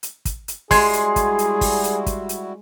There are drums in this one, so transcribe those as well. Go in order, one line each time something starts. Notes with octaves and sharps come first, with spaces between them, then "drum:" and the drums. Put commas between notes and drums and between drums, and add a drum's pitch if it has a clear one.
drum: hi-hat
drum: kick, hi-hat
drum: hi-hat
G3 G#3 E4 F#4 G#4 C6 G#6, drum: kick, open hi-hat
drum: hi-hat
drum: kick, hi-hat
drum: hi-hat
drum: kick, open hi-hat
drum: hi-hat
drum: kick, hi-hat
drum: hi-hat